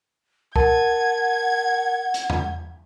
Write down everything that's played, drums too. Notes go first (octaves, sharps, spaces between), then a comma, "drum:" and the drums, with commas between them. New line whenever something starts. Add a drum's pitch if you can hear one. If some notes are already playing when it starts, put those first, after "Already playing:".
A#4 F#5 A5 G#6, drum: kick
drum: hi-hat
drum: tom